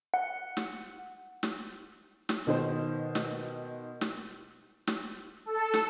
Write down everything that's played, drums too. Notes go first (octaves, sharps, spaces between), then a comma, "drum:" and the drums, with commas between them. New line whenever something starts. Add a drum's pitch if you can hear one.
F#5
drum: snare
drum: snare
drum: snare
B2 D#3 C5
drum: snare
drum: snare
drum: snare
A4
drum: snare